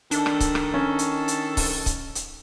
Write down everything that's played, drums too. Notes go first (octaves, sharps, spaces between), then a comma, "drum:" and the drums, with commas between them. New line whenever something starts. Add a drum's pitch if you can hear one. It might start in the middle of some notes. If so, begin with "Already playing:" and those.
D#3 D4 A4, drum: hi-hat
drum: rim click
drum: kick C#1, hi-hat
drum: rim click
C#4
drum: hi-hat
drum: hi-hat
drum: kick C#1, open hi-hat
drum: kick C#1, hi-hat
drum: hi-hat